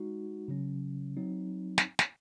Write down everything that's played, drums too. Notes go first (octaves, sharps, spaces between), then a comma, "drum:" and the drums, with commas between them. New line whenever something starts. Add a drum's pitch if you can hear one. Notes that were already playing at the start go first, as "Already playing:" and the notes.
Already playing: G#3 D#4 F#4
C#3 F#3 C#4
F#3 C4 D#4
drum: snare
drum: snare